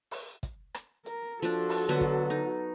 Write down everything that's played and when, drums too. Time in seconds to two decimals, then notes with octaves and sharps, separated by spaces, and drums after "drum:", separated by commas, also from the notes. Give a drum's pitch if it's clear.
0.11 drum: open hi-hat
0.43 drum: kick, hi-hat
0.74 drum: rim click
1.06 A#4, drum: hi-hat
1.42 F3 D4 F#4 A4
1.69 drum: open hi-hat
1.89 D3 F#3 B3
2.01 drum: kick, hi-hat
2.30 D#4, drum: hi-hat